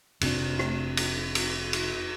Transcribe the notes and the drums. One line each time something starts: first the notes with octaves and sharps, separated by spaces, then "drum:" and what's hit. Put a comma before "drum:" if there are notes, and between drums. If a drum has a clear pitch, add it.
F1 C3 C4 D4, drum: cymbal
drum: rim click
drum: cymbal
drum: cymbal
drum: cymbal